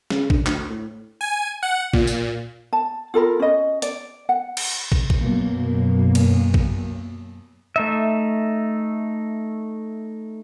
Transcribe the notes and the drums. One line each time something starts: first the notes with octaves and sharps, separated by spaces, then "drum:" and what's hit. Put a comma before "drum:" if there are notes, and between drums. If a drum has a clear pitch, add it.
C#3, drum: snare
D3, drum: kick
D2, drum: clap
A2
G#5
F#5
A#2, drum: kick
drum: tambourine
A5
F4 A4 A#4 B5
C#4 D#5
D5, drum: hi-hat
F#5
drum: cymbal
drum: kick
drum: kick
F#2 B2 A#3
drum: cymbal
drum: kick
A3 D#4 E5